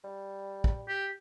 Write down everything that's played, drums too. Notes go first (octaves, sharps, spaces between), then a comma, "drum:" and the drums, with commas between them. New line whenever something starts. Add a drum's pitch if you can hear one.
G3
drum: kick
G4